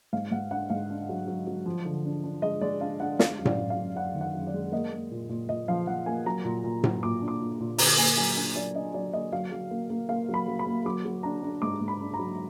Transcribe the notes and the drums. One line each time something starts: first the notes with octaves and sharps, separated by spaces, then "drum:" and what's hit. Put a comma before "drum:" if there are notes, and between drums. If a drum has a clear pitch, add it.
G#2 F5
G#2 F#5
D4 F#5
G#2 F5
D4
F#3
F#3
F#3
F3
D3
D4
D4
G#3 D#5
G#3 D5
D4 F5
D4 F#5
G#3 F5, drum: snare
F#2
D5, drum: tom A2
F#2
F5
F#2
F#2 F#5
D#3
F#5
F#2
D5
G#3
A#3 D#5
A#3
A#2
A#2
A#2 D#5
F3 F5
F3 F#5
A#3 G#5
F#3 A#5
A#2
A#2
F#3, drum: tom A2
A#2 D6
D4
D6
A#2
A#2
D3 A#5, drum: open hi-hat
A#3 G#5
F#3 G#5
D4 G#5
F#3 D5
D4 D#5
F#3 D5
A#3 D#5
F#3 F5
F#3
A#3
A#3
A#3 F5
F#3
B5
F#3
B5
A#3
F#3 D6
F#3
D4 A#5
D4
G#2 D6
G#2
B5
D4
A#5
F#3